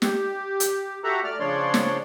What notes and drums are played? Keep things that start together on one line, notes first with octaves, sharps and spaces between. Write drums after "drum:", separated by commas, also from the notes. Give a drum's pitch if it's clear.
G4, drum: snare
drum: hi-hat
F#4 G4 A4 E5 F#5 A#5
A3 D5 F6
C#3 F3 D4 C#5 D5 C6
drum: snare